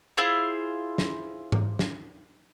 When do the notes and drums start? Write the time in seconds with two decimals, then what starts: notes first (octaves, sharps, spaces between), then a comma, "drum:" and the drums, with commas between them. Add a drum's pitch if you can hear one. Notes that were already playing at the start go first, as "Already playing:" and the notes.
0.17 E4 F4 G#4 C5
0.98 drum: snare
1.52 drum: tom G#2
1.79 drum: snare